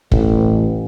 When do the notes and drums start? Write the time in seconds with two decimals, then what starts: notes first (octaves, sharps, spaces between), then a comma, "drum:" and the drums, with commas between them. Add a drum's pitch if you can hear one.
0.12 A1, drum: kick